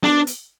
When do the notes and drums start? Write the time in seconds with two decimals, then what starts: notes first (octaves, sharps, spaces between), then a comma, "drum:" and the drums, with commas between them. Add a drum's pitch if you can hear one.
0.04 D4, drum: snare B3
0.27 drum: hi-hat